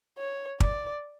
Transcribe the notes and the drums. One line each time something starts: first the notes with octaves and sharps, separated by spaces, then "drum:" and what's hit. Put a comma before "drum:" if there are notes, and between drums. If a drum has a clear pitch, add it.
C#5
D5, drum: kick